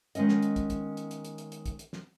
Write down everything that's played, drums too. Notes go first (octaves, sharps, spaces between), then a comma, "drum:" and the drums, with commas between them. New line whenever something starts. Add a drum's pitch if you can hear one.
D#3 G#3 B3 C#4 D#5, drum: hi-hat
drum: snare
drum: hi-hat
drum: kick, hi-hat
drum: kick, hi-hat
drum: hi-hat
drum: hi-hat
drum: hi-hat
drum: hi-hat
drum: hi-hat
drum: kick, hi-hat
drum: hi-hat
drum: snare